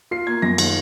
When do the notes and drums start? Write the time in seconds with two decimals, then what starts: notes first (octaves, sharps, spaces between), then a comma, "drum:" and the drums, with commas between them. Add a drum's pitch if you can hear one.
0.11 F4 C7
0.27 A#3 G#6
0.42 F#2 A#6
0.58 D#3, drum: cymbal